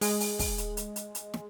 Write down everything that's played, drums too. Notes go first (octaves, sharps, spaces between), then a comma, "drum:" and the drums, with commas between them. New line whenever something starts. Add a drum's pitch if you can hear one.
G#3, drum: open hi-hat
drum: open hi-hat
drum: kick, open hi-hat
drum: hi-hat
drum: hi-hat
drum: hi-hat
drum: hi-hat
drum: snare